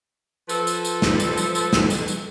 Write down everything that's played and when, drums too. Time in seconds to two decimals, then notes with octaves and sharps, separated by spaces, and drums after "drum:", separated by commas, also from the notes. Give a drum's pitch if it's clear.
0.49 F3 A4 B4, drum: tambourine
0.67 drum: tambourine
0.85 drum: tambourine
1.02 drum: snare
1.20 drum: tambourine
1.37 drum: tambourine
1.55 drum: tambourine
1.73 drum: snare
1.90 drum: tambourine
2.08 drum: tambourine